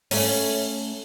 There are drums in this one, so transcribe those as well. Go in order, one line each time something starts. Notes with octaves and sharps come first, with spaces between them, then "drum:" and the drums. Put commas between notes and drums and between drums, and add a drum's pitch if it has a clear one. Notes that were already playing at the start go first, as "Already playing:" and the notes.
A3 C#4, drum: open hi-hat